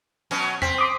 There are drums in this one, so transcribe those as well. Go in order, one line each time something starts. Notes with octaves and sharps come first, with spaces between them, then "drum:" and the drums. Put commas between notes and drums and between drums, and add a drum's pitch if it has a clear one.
B2 F#3 C#4, drum: open hi-hat
C4 B6, drum: tom E2
C6 D6 D#6